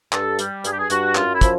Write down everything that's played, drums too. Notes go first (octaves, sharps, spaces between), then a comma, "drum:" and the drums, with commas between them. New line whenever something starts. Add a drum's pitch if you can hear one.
G2 A4, drum: clap
G3, drum: hi-hat
G2 G#4, drum: hi-hat
G4
G#4
G2 F#4, drum: hi-hat
F#2 F4, drum: clap
E4
F3, drum: kick, hi-hat